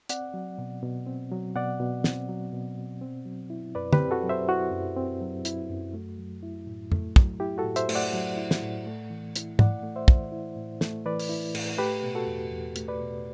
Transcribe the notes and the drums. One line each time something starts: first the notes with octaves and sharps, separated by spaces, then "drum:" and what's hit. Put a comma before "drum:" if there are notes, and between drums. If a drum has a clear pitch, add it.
C4 D5 F#5, drum: hi-hat
F#3
B2
B2
C4
F#3
B2 D5 F#5
B2
C4, drum: snare
F#3
B2
B2
C4
F#3
E4
F#2 B4 D5
G4 B4, drum: tom
C4
F#4 A4
F#3
C5 E5
E4 F#4
F#2
C4
F#3
E4, drum: hi-hat
F#2
A3
F#3
E4
A2
A3, drum: tom F2
F#3, drum: kick
E4 G4
F#4 A4
A2
C5 E5, drum: hi-hat
A3, drum: cymbal
D5 F#5
F#3
E4
drum: snare
A2
A3
E3
E4, drum: hi-hat
A2 D5 F#5, drum: tom
A3
C5 E5
E3, drum: kick
E4
A2
A3, drum: snare
E3 B4 D5
drum: open hi-hat
E4
A2, drum: cymbal
A3 G4 B4
B2
F#4 A4
E2
E2
A3, drum: hi-hat
B4 D5
B2